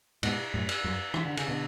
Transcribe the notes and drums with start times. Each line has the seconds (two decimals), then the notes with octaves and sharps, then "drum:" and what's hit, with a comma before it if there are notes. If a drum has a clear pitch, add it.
0.23 G#2 B2, drum: cymbal
0.54 F#2 A2
0.69 drum: cymbal
0.84 F#2
1.14 E3, drum: rim click
1.25 D3
1.37 C#3, drum: cymbal
1.48 B2 D3